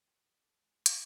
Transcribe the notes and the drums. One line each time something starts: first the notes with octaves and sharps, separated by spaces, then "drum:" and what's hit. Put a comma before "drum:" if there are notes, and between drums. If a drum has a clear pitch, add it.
D#4 E4 F#4 G4 C5
D#5
D3 A4 D5
G#3
A3 D4 F5, drum: hi-hat